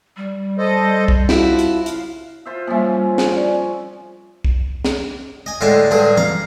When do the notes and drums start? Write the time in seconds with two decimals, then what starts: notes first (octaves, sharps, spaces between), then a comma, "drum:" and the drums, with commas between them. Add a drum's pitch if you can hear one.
0.17 G3
0.58 A4 C5 D#5
1.08 drum: kick
1.29 F3 E4 F#4, drum: snare
1.59 drum: hi-hat
1.86 C#3 F5, drum: hi-hat
2.46 F4 C5 E5
2.67 F3 G3 A#3 C#4
3.18 drum: snare
3.37 D5
4.44 drum: kick
4.85 drum: snare
5.46 D#5 G#5
5.61 A2 D3 G#3 G#5 A5
5.91 G2 D3 G#4
6.17 F5 A#5, drum: tom E3